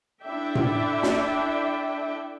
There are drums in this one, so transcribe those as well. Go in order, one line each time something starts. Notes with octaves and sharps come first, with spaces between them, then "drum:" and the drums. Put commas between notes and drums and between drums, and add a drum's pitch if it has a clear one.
D4 E4 A4 D5 E5 G5
drum: tom A2
drum: snare